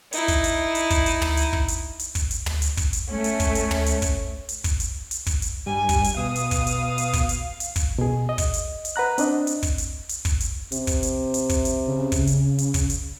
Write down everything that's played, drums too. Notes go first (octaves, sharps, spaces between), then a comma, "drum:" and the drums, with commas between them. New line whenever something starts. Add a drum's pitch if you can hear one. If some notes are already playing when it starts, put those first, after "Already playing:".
D#4 E4, drum: hi-hat
drum: kick, hi-hat
drum: hi-hat
drum: hi-hat
drum: kick, hi-hat
drum: hi-hat
drum: tom
drum: hi-hat
drum: kick
drum: hi-hat
drum: hi-hat
drum: kick, hi-hat
drum: hi-hat
drum: tom
drum: hi-hat
drum: kick, hi-hat
drum: hi-hat
A3 C#4
drum: hi-hat
drum: kick, hi-hat
drum: hi-hat
drum: tom
drum: hi-hat
drum: kick, hi-hat
drum: hi-hat
drum: kick, hi-hat
drum: hi-hat
drum: hi-hat
drum: kick, hi-hat
drum: hi-hat
G2 G3 G#5
drum: kick, hi-hat
drum: hi-hat
B2 F5 D#6
drum: hi-hat
drum: kick, hi-hat
drum: hi-hat
drum: hi-hat
drum: kick, hi-hat
drum: hi-hat
drum: hi-hat
drum: kick, hi-hat
B2 G#4
D#5
drum: kick, hi-hat
drum: hi-hat
drum: hi-hat
B4 F#5 A#5 F#6
C4 D4 D#5, drum: hi-hat
drum: hi-hat
drum: kick, hi-hat
drum: hi-hat
drum: hi-hat
drum: kick, hi-hat
drum: hi-hat
C3, drum: hi-hat
drum: kick, hi-hat
drum: hi-hat
drum: hi-hat
drum: kick, hi-hat
drum: hi-hat
C#3
drum: kick, hi-hat
drum: hi-hat
drum: hi-hat
drum: kick, hi-hat
drum: hi-hat